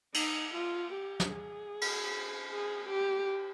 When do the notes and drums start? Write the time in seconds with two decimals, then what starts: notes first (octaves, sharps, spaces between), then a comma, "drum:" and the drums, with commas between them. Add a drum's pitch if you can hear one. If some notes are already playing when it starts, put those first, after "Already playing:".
0.14 D#4, drum: cymbal
0.54 F4
0.93 G4
1.20 drum: snare
1.32 G#4
1.81 drum: cymbal
2.50 G#4
2.89 G4